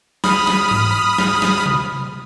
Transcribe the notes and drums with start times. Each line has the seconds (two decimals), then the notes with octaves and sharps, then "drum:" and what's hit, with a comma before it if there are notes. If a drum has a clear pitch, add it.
0.24 B5 D#6 F6, drum: snare
0.47 drum: snare
0.71 drum: tom G#2
1.18 drum: snare
1.42 drum: snare
1.66 drum: tom C3